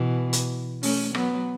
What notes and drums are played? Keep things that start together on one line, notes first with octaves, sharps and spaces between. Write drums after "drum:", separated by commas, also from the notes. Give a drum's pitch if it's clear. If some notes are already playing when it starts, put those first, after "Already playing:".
Already playing: B2 E3
drum: hi-hat
A3 C#4, drum: open hi-hat
F#3 B3, drum: rim click